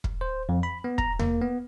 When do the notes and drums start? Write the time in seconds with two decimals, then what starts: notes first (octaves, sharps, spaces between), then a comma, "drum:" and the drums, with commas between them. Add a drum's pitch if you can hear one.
0.04 drum: kick
0.21 C5
0.49 F2
0.63 B5
0.84 B3
0.98 A#5, drum: kick
1.19 A#3, drum: tom D#2
1.42 B3